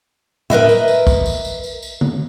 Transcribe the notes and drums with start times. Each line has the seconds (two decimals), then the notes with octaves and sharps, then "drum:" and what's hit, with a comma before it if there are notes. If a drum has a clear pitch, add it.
0.50 A#4 B4 D#5 E5, drum: tom A2
0.69 drum: tambourine
0.88 drum: tambourine
1.07 drum: kick, tambourine
1.26 drum: tambourine
1.45 drum: tambourine
1.63 drum: tambourine
1.82 drum: tambourine
2.01 drum: tom D3